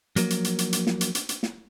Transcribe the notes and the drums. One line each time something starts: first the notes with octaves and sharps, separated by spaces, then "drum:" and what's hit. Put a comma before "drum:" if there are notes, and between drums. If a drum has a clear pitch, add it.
F3 F#3 A#3, drum: hi-hat
drum: hi-hat
drum: hi-hat
drum: hi-hat
drum: hi-hat
drum: snare
drum: hi-hat
drum: hi-hat
drum: hi-hat
drum: snare